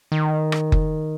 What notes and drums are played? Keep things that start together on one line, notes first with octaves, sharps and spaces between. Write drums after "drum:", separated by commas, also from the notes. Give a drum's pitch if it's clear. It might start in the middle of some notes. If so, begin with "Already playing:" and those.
D#3
drum: rim click
drum: kick F#1